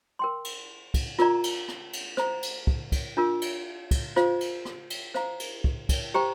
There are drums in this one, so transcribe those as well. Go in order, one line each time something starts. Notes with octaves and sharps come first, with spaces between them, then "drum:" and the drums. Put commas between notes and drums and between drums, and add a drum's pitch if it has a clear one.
A#4 G5 C6
drum: cymbal
drum: kick, cymbal
F4 A#4 D5 A#5, drum: rim click
drum: cymbal
drum: rim click
drum: cymbal
C5 A#5, drum: rim click
drum: cymbal
drum: kick
drum: kick, cymbal
D4 F4 A#4
drum: cymbal
drum: kick, cymbal
F4 C5 F5, drum: rim click
drum: cymbal
drum: rim click
drum: cymbal
C5 F5 A#5, drum: rim click
drum: cymbal
drum: kick
drum: kick, cymbal
G4 C5 G5 A#5